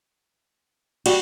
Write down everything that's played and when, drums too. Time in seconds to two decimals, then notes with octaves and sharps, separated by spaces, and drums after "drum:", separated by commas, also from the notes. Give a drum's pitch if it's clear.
1.06 G3 F#4, drum: cymbal